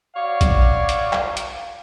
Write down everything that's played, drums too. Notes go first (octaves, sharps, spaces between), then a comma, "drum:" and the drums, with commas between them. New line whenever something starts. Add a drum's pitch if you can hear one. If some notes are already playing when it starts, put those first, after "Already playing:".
F#4 C#5 D5 F5
drum: kick, hi-hat
drum: hi-hat
drum: clap
drum: hi-hat